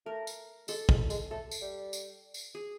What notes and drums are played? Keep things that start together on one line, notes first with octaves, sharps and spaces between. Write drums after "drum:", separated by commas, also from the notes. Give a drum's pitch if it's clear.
A3 A#4
drum: tambourine
G#3 A4, drum: tambourine
G#3, drum: kick
G#3, drum: tambourine
A3 A4
drum: tambourine
G3
drum: tambourine
drum: tambourine
G#4